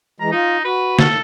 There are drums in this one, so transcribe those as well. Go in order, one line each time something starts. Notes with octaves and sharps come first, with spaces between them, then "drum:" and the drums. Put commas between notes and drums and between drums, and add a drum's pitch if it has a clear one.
E3 G#3 A#5
D#4 F4
F#4 B4
A4, drum: snare